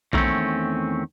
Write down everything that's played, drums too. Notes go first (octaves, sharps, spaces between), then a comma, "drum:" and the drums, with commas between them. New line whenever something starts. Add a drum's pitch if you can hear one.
E2 D#3 A3 A#3 C4 C#4, drum: kick A#1